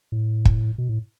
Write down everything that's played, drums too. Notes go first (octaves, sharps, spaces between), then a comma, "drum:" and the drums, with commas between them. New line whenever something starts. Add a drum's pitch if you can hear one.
A2
drum: kick
B2
A2